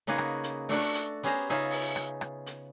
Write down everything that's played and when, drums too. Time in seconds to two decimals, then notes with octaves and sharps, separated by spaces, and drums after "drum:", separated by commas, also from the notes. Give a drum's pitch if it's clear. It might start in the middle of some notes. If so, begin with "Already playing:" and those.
0.07 C#3 A#3 D#4 F#4 G#4 B4
0.18 drum: rim click
0.44 drum: hi-hat
0.69 A3 D4 F#4 A4, drum: open hi-hat
0.94 drum: hi-hat
1.23 B3 C#4 G4 G#4 C5 A#5
1.50 C#3 C#4 D#4 F4 G#4 E5
1.70 drum: open hi-hat
1.96 drum: rim click
2.21 drum: rim click
2.46 drum: hi-hat